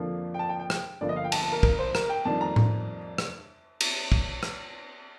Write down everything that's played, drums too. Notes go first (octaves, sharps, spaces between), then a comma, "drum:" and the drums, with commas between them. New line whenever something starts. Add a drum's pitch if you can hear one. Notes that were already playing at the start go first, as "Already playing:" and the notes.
Already playing: F2 D3 F3 A#3 D4
G5
A5
G5
G5
G5, drum: rim click
G1 G2 D3 F3 A#3 D5
D#5
F5
G5
A5, drum: cymbal
A5
A#4
A#4, drum: kick
C5
A#4, drum: rim click
G5
F2 D#3 G3 A#3 D4 A5
A#5
drum: tom A2
drum: rim click
drum: cymbal
drum: kick
drum: rim click